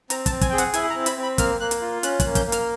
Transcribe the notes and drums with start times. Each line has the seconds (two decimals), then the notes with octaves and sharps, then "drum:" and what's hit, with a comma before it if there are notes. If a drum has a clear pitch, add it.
0.10 C4 A#5, drum: hi-hat
0.26 A5, drum: kick, hi-hat
0.31 C4
0.41 G#5, drum: kick, hi-hat
0.50 G5
0.53 G#4
0.58 F#5, drum: hi-hat
0.74 E4 G#5, drum: hi-hat
0.90 A#5
0.96 C4
1.06 B5, drum: hi-hat
1.18 C4 B5
1.38 A#3 F6, drum: kick, hi-hat
1.60 A#3 F#6
1.71 drum: hi-hat
1.82 F4
2.03 C#4 F#6, drum: hi-hat
2.20 F#6, drum: kick, hi-hat
2.25 A#3
2.35 G6, drum: kick, hi-hat
2.46 A#3
2.52 F6, drum: hi-hat